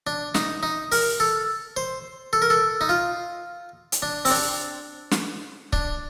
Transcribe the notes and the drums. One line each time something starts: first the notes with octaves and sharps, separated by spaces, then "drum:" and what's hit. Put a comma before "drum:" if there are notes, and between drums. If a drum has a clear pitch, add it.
D4
D#4, drum: snare
D#4
A#4, drum: open hi-hat
A4
C5
A4
A#4
A4
D#4
F4
drum: hi-hat
D4
C4, drum: open hi-hat
D4
drum: snare
D4, drum: kick C#1